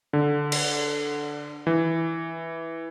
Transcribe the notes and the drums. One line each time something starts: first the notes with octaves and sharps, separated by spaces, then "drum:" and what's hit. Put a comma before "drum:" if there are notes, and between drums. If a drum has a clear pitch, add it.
D3
drum: cymbal
E3